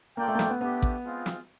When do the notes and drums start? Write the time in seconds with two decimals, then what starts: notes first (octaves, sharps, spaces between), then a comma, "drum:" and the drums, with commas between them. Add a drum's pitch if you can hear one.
0.17 A#3 F4 A4 D5 G5
0.28 A3
0.35 A#3
0.39 A3, drum: snare
0.50 B3
0.60 A3 B3 D4 G4
0.82 drum: kick A1
1.04 G#3 C4 F4
1.26 drum: snare